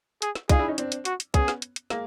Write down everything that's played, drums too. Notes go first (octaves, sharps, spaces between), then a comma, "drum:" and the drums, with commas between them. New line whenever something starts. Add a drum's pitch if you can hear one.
G#4, drum: hi-hat
drum: snare
D#4 F4 G#4, drum: kick, hi-hat
D4 E4
C#4 D#4
C4 D4, drum: hi-hat
drum: hi-hat
F#4, drum: hi-hat
drum: hi-hat
B3 C#4 G#4, drum: kick, hi-hat
drum: snare
drum: hi-hat
drum: hi-hat
G#3 A#3, drum: snare